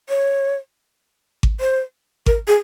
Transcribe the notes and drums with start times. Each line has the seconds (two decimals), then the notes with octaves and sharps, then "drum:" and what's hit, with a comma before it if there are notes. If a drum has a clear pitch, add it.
0.09 C#5
1.43 drum: kick G#1
1.60 C5
2.26 A#4, drum: kick G#1
2.47 G#4